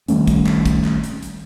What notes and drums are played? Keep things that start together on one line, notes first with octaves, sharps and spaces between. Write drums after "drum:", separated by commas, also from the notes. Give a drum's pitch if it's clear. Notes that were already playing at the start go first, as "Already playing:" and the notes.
D#3 G3 A3 C#4, drum: hi-hat
drum: kick, hi-hat
drum: clap
drum: kick, hi-hat
drum: clap
drum: hi-hat
drum: hi-hat